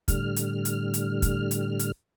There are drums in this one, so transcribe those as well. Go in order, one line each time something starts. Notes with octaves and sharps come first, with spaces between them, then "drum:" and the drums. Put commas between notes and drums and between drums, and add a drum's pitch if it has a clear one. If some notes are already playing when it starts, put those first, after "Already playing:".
A2 D3 G3 F6, drum: kick, hi-hat
drum: hi-hat
drum: hi-hat
drum: hi-hat
drum: kick, hi-hat
drum: hi-hat
drum: hi-hat